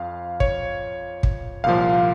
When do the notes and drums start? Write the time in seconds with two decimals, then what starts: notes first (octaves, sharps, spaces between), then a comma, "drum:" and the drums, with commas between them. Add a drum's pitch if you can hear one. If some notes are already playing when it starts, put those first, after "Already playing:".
Already playing: F2 F3 F5
0.40 C#5, drum: kick
1.23 drum: kick
1.64 C2 A#2 F3 F5